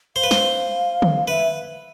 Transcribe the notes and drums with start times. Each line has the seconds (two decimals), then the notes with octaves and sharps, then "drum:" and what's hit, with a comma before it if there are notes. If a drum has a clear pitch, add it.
0.16 C5 F5
0.23 B4
0.31 C5, drum: snare
1.02 drum: tom D3
1.28 B4 E5